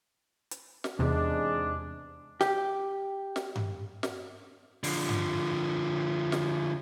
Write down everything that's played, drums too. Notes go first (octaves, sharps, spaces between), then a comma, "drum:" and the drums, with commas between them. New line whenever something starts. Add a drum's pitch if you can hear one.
drum: hi-hat
drum: snare
E2 G#2 C3 G#3 D4
G4, drum: snare
drum: snare
drum: tom G2
drum: snare
D3 F3, drum: open hi-hat
drum: tom G2
drum: snare